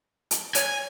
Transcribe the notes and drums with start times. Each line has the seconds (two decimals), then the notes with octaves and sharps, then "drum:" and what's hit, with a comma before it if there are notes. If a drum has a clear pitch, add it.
0.31 drum: hi-hat
0.55 C#5 G#5, drum: hi-hat